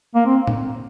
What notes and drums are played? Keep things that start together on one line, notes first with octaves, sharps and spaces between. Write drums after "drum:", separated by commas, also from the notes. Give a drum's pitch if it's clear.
A#3
C4
drum: tom A#2